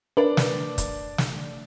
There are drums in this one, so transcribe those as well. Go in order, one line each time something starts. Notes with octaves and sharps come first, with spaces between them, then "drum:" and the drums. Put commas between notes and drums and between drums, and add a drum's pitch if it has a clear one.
D4 A#4 B4 D5
drum: snare
drum: kick, hi-hat
drum: snare